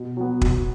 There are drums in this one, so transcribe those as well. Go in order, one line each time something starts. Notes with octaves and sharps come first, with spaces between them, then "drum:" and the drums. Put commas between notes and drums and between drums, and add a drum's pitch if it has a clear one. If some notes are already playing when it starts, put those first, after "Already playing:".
Already playing: B2
F#3 B3
B2, drum: kick